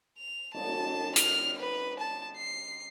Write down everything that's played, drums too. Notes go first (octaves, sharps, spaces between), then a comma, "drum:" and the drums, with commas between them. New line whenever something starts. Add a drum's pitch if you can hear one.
F7
A5, drum: cymbal
F6, drum: hi-hat
B4
A5
C7